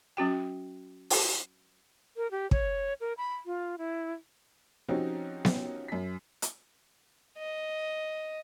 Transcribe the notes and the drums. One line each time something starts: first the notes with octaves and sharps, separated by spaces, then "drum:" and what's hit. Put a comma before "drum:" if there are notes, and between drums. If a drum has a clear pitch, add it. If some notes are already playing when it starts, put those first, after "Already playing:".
F#3 C#4 F#4 G5
drum: open hi-hat
A#4
G4
C#5, drum: kick
A#4
B5
F4
E4
F3 C4 C#4 D#4 F#4 G4
drum: snare B3
F#2 B6
drum: hi-hat
D#5